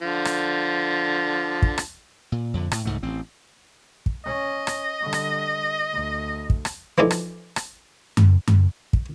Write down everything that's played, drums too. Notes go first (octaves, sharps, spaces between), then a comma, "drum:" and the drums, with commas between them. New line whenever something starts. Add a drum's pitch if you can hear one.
D3 F3
drum: rim click
drum: kick
drum: rim click
A#2
F2 A#2 D3
A2, drum: rim click
C#2 G#2 A3
A1 C4
drum: kick
C#4 D#5
drum: rim click
D3 G3
drum: rim click
D2
drum: kick
drum: rim click
E3 F3 D#4 E4 A4 D5
drum: rim click
drum: rim click
drum: tom F#2
drum: tom F#2
drum: kick